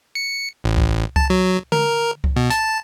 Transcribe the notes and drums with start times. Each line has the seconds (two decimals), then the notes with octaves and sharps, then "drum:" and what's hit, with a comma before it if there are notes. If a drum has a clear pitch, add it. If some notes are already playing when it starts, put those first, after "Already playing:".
0.15 C#7
0.64 A1
0.77 drum: kick C2
1.16 A5, drum: kick C2
1.30 F#3
1.72 A#4, drum: tom D3
2.24 drum: kick C2
2.36 B2
2.50 A5, drum: hi-hat